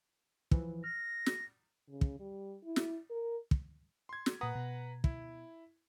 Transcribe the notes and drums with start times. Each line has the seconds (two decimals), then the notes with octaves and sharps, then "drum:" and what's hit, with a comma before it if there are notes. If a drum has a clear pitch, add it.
0.51 E3 F3, drum: kick
0.84 F6 A#6
1.26 drum: snare
1.89 C#3
2.01 drum: kick
2.20 G3
2.65 E4
2.76 drum: snare
3.10 A#4
3.51 drum: kick
4.09 C6 G#6
4.26 drum: snare
4.41 A#2 B4 F#5 A#5 D#6
4.55 B2
5.04 E4, drum: kick